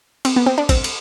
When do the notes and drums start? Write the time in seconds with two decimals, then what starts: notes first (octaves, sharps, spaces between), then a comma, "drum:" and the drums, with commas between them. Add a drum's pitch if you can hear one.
0.25 C4, drum: cymbal
0.36 B3
0.46 C4
0.58 D4
0.69 C4, drum: kick, cymbal
0.84 drum: cymbal